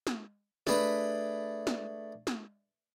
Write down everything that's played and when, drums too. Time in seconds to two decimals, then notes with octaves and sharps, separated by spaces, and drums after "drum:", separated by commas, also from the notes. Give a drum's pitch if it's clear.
0.07 drum: snare
0.67 A3 D4 G#4 B4 B5, drum: snare
1.67 drum: snare
2.27 drum: snare